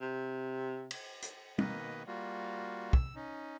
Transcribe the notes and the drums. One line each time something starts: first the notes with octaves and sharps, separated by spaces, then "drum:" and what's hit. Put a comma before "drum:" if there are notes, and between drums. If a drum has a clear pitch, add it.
C3
drum: cymbal
drum: hi-hat
B2 D#3 A#3 B4 D#5, drum: tom
G3 A#3 F4 F#4
E6, drum: kick
C#4 D#4